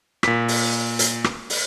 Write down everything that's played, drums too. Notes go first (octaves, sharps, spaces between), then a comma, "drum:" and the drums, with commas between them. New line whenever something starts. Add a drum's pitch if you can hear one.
A#2 B6, drum: rim click
drum: open hi-hat
drum: hi-hat
drum: rim click
drum: open hi-hat